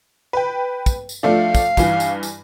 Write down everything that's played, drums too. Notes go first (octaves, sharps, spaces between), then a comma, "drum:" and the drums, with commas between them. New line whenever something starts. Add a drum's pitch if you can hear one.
B4 G5
drum: kick, tambourine
drum: tambourine
F3 A3 D4 F5
drum: kick, tambourine
G2 E3, drum: kick, tambourine
drum: tambourine
drum: tambourine